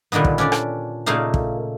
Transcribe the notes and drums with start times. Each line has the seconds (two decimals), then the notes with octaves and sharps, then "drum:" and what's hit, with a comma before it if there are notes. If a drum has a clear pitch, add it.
0.12 A#2 D3 D#3 G3 B3
0.25 drum: kick
0.38 C#4 D4 G4 D5
0.52 drum: rim click
1.06 A#2 C#3 A3 A#3 D#4 F5
1.34 drum: kick